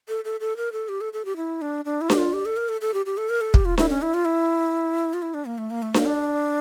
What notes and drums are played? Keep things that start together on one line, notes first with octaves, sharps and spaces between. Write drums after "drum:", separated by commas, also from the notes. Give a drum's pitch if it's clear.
A4
A4
A4
A#4
A4
G4
A4
A4
G4
E4
D4
D4
E4
G4, drum: snare D4
F4
G4
A4
A#4
A4
A4
G4
G4
A4
A#4
A4
G4, drum: kick
F4
E4, drum: snare D4
C#4
E4
F4
E4
F4
E4
D4
A#3
A3
A#3
A3
A#3, drum: snare D4
D4